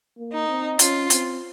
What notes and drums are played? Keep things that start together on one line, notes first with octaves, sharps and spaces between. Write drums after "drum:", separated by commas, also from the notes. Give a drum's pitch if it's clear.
A#3
D#4
C4
C#4 F4, drum: hi-hat
C4, drum: hi-hat